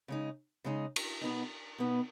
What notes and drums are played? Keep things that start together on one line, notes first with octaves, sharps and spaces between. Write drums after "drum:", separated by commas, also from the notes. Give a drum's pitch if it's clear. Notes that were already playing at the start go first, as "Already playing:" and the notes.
C#3 G#3 D#4
C#3 G#3 D#4
drum: cymbal
B2 B3 D#4
B2 B3 D#4